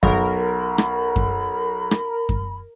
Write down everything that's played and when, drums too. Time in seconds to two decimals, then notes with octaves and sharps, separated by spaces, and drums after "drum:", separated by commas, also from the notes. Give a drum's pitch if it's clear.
0.03 B1 A#4 B5, drum: kick F#2
0.78 drum: rim click
1.16 drum: kick F#2
1.91 drum: rim click
2.29 drum: kick F#2